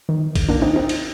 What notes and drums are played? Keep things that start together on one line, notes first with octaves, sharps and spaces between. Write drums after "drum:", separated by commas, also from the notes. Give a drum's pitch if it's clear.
D#3
drum: kick, cymbal
A#3 D4
C4 D#4
C4 D#4
drum: cymbal